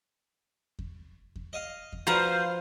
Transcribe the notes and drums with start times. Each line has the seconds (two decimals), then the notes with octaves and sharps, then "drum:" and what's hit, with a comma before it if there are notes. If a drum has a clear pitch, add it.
0.79 drum: kick E2
1.36 drum: kick E2
1.53 D#5 F5
1.93 drum: kick E2
2.07 F3 F#4 B4 C5 F5 A#5